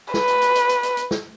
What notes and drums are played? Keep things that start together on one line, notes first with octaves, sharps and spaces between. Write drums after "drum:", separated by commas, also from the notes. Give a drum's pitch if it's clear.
B4, drum: snare
drum: hi-hat
drum: hi-hat
drum: hi-hat
drum: hi-hat
drum: hi-hat
drum: hi-hat
drum: snare